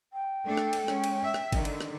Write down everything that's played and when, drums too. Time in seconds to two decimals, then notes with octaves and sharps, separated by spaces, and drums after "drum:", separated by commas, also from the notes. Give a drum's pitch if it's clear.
0.13 G5
0.45 A3 D4 A4
0.57 drum: rim click
0.73 drum: cymbal
0.88 G#3 C#4, drum: rim click
1.04 drum: cymbal
1.23 E5
1.34 drum: rim click
1.52 D3 D#3, drum: kick, cymbal
1.65 drum: cymbal
1.81 drum: rim click